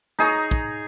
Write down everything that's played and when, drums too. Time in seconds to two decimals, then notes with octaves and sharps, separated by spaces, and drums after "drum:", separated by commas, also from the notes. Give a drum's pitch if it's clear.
0.19 D#4 G#4 C#5 A#5, drum: snare
0.51 drum: kick